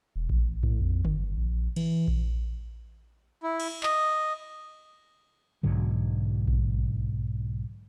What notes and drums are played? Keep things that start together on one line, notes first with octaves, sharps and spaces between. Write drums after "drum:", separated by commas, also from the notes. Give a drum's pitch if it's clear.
E1
A1, drum: kick A#1
A2, drum: kick A#1
F2
G1, drum: tom D3
A#1
E3, drum: cymbal
drum: kick A#1
E4
drum: cymbal
D#5, drum: clap
B1 G#2 D3 F#3
drum: kick A#1